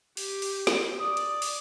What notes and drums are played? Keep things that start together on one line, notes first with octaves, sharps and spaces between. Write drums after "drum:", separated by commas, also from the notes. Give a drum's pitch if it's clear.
G4, drum: open hi-hat
drum: open hi-hat
drum: snare
D5 D#6
drum: hi-hat
drum: open hi-hat